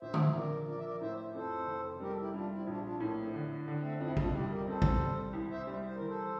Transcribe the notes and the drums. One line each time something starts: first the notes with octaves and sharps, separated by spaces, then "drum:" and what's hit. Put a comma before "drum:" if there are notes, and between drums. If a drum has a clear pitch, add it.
A#1 C5 E5
drum: tom D3
A#1 A#4 D5
F3 A#4 D5
E5
A#4 D5
A2 C5 E5
F2 A4 C5
F1
G3 G4 A#4
A4
E4 G4
G3 D4 F4
C4 E4
A#1 D4 F4
D4 F4
E4
A2 A#3 D4
A3 C4
D3
D3
A3 C4
F2 C4 E4
D4 F4, drum: kick
G3 E4 G4
G4 A#4
C3 A4 C5
drum: kick
G3
C2
C5 E5
G3
C5
A#4
E3
A4 C5